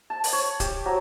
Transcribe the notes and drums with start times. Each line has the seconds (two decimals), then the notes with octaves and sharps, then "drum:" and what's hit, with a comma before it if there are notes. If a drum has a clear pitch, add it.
0.10 A5
0.24 drum: open hi-hat
0.33 C#5
0.60 G4, drum: kick C#1, hi-hat
0.86 F#3